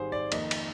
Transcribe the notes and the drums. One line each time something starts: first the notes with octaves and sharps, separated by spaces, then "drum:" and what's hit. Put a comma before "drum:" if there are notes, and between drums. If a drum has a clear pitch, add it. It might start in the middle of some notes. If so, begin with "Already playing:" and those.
Already playing: G#1 G#2 G3 G#4 C5
D5
F2 D#3 A#3 D#5, drum: cymbal
drum: cymbal